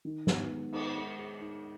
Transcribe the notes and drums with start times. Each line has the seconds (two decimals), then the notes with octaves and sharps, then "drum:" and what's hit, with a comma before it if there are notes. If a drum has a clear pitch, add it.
0.05 D#3
0.27 B3, drum: snare
0.50 G#3
0.72 D#4, drum: cymbal
0.95 G#3
1.18 G#4
1.40 D#4